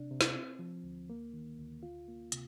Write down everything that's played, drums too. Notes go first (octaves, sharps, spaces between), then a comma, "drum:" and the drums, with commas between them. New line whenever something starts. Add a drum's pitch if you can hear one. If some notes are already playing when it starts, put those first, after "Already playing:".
Already playing: C3 D4
C3
drum: snare
C4
F3
D2
A#3
D#3
D2
F4
A#3
C3, drum: hi-hat